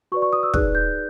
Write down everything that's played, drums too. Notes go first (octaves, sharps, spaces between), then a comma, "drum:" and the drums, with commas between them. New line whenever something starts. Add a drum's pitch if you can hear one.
F#4 B4 D5 C#6
C#6
D#6
E6
D#4 G#4 B4 D5 F#6, drum: kick
G6